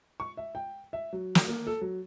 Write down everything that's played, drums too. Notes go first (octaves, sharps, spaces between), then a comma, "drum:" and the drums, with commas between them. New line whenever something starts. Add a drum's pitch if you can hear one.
C#6
E5
G5
E5
F#3
drum: snare
A#3
A4
F#3